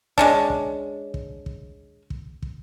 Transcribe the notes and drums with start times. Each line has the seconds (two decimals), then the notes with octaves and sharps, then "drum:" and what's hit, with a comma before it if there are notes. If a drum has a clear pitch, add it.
0.18 G#3 C#4 D4, drum: kick
0.50 drum: kick
1.14 drum: kick
1.46 drum: kick
2.10 drum: kick
2.42 drum: kick